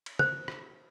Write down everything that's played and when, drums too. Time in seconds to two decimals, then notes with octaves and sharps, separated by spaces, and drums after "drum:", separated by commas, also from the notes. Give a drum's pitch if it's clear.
0.06 drum: cymbal
0.19 C5, drum: tom
0.48 drum: rim click